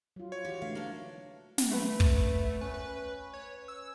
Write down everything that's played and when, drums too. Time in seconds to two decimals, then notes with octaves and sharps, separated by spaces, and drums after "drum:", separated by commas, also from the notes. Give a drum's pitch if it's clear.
0.16 F#3 F4
0.32 C#5
0.45 E3 F#4 G4
0.62 D3 E3 A3 F5
0.75 A#3 D4
1.58 drum: snare
1.71 A3 B4 F#5
2.00 drum: kick
2.61 C#4 B4
2.74 B4
3.34 C#5
3.68 E6